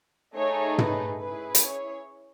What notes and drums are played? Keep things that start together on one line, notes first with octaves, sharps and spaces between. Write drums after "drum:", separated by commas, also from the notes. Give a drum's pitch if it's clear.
A3 D#4 G#4 C#5
B4, drum: tom
C#4 E4 G#4 B4
drum: hi-hat
C#5